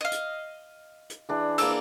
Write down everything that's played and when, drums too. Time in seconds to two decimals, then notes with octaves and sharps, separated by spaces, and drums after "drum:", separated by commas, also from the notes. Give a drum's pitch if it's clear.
0.01 D#5 F5
0.12 drum: hi-hat
1.10 drum: hi-hat
1.29 E3 D4 G#4
1.58 A#3 G#4 E6, drum: cymbal